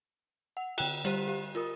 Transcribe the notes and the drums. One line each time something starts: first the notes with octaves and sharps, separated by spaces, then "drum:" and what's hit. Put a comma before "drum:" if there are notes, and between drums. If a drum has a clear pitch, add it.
F#5
D3 G5 F#6, drum: cymbal
G3 G4 C5 D#7, drum: hi-hat
G4
F4 A#4 D#6